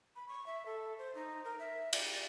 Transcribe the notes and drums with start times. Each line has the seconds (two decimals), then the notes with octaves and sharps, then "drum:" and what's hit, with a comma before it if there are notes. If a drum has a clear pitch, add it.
0.16 B5
0.28 C#6
0.46 E5
0.66 A4
0.99 C5
1.15 D#4
1.45 A#4
1.59 E5
1.93 D5, drum: cymbal